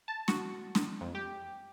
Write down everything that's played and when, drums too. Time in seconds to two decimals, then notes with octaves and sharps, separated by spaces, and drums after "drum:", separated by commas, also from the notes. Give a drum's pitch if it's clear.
0.08 A5
0.28 F#4, drum: snare
0.75 drum: snare
1.01 F2
1.15 G4